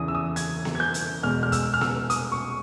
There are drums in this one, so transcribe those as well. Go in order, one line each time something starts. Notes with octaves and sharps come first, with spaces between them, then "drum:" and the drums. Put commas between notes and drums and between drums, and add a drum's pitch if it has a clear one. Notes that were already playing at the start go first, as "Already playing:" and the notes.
Already playing: E2 C#3 E3 D#6
E6
D#6
G#6, drum: hi-hat
drum: snare B3
G#6
G6
drum: hi-hat
E2 B2 G#3 F6
F6
E6, drum: kick, hi-hat
F6
E6, drum: snare B3
D#6, drum: hi-hat
C#6